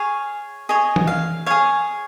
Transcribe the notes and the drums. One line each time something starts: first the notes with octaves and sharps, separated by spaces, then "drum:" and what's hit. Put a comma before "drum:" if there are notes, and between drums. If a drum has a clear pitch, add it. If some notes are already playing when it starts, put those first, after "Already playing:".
Already playing: G#4 C#5 F5
G#4 C#5 D#5
drum: tom E3
F5
G#4 C#5 F5